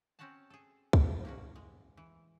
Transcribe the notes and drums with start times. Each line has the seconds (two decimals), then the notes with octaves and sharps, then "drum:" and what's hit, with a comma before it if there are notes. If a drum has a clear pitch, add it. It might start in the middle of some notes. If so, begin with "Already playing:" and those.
0.19 C4 C#4 F#4 C#5 F#5 A5
0.50 G#4 A4
0.93 drum: kick
1.25 A#3 C#4 F#4
1.56 G#3
1.97 E3